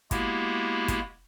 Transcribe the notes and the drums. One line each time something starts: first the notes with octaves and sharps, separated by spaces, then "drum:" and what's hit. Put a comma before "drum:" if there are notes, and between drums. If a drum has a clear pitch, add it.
G#3 A#3 B3 E4 F#4 G4, drum: kick, hi-hat
drum: kick, hi-hat